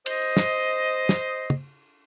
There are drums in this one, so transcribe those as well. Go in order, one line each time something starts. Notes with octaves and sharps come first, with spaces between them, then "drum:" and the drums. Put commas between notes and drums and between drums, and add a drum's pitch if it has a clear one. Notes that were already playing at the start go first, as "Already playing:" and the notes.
C5 D#5, drum: cymbal
drum: snare
drum: snare
drum: tom